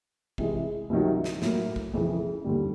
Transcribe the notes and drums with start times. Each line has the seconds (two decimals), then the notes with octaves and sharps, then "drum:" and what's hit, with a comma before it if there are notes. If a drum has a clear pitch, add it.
0.38 C3 E3 G#3, drum: kick
0.89 C2 C3 D#3 F#3
1.24 drum: snare
1.42 A2 F#3 A#3, drum: snare
1.76 drum: kick
1.94 F2 C#3 E3
2.44 D#2 D3 G3